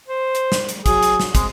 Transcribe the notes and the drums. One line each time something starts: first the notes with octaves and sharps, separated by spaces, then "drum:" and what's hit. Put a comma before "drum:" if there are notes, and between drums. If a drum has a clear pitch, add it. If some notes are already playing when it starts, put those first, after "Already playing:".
C5
drum: hi-hat
drum: snare
drum: hi-hat
F#3 G#4, drum: kick, hi-hat
drum: hi-hat
drum: snare
G#3 C4, drum: kick, hi-hat